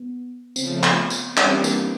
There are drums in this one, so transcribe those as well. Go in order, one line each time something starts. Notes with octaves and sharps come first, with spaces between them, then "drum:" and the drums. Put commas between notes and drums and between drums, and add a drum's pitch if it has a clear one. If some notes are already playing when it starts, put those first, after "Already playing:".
Already playing: B3
C#3 F3 A3 C4, drum: tambourine
drum: clap
drum: tambourine
E3 G3 A#3 C#4 D4 G4, drum: clap
C4
C#4
drum: tambourine